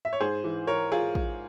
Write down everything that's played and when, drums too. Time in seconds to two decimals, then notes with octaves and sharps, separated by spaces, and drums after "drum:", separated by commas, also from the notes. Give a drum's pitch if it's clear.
0.05 E5
0.13 C#5
0.20 G#2 G#4 C5
0.44 E3
0.67 E3 A#4 C#5
0.92 F4 G#4
1.15 drum: kick